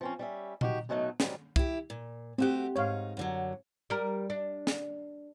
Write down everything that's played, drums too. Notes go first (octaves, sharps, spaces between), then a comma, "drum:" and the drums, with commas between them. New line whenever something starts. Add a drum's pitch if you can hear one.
F3 C4 C#4
G3 C#4 E5
D#4 F#4 G4, drum: tom A#2
F#2 B2 F#3 A3 B3 D#4
G#2 F#3 G3, drum: snare
E4 G4, drum: kick
A#2
A3 C4 F#4 G4 F#5
G#2 D#4 C#5 F5
F#2 D3 F#3
G3 A#4
D4
drum: snare